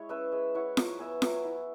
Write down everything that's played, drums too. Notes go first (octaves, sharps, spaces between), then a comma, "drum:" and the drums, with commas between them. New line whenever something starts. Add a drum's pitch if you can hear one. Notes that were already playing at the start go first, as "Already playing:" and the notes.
Already playing: G#3 E4 C#5
C#4 B4 E5
G#3
E4 C#5 F#5
F#3, drum: snare F4
B3 E5 G#5
F#3, drum: snare F4
E4